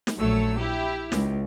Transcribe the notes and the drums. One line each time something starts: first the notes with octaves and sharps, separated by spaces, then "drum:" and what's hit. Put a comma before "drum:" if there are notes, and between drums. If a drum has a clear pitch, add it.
drum: snare
A#1 F#3 A3 C#5 E6
E4 G4
C#2, drum: snare